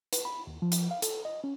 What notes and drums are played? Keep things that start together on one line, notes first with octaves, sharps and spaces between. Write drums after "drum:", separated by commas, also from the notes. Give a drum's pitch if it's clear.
B4, drum: hi-hat
B5
D#2
F3
drum: hi-hat
F5
A4, drum: hi-hat
D#5
C#4